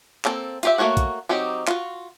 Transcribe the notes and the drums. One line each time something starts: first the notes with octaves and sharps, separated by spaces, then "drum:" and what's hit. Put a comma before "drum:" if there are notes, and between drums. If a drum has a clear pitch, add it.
A#3 C4 A4, drum: clap
F4 G4 E5, drum: hi-hat
A3 A#3 F#4 C#5 F#5
drum: kick, hi-hat
F#3 C4 D#4 G4
F4 F#4, drum: clap